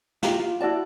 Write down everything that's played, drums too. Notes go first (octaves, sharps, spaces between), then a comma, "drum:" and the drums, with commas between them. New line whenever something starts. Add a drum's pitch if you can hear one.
F4 G4 A#5, drum: snare
F4
E4 F#4 D5 A5